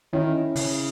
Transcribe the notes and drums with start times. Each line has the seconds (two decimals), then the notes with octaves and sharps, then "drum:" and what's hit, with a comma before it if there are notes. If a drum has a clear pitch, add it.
0.13 D#3 C#4 E4
0.56 C#3, drum: open hi-hat